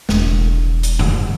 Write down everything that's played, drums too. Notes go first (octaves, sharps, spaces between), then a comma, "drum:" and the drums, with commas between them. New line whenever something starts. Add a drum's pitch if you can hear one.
E1, drum: snare
drum: hi-hat
drum: tom F2